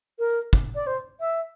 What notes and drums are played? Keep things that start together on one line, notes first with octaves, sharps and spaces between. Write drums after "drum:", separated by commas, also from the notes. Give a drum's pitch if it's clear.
A#4
drum: kick
D5
C5
E5